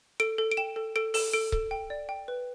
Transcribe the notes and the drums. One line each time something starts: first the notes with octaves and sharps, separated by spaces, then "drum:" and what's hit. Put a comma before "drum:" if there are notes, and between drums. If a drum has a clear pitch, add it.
A4 D7
A4
D7
G5 E7
A4
A4 D7
A4 E7, drum: open hi-hat
A4 D7
A4, drum: kick C#1
G5
D5
G5
B4